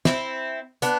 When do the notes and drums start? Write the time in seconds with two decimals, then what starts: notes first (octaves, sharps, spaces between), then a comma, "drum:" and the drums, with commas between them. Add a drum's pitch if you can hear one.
0.05 C4 E4, drum: snare
0.82 B3 D4, drum: hi-hat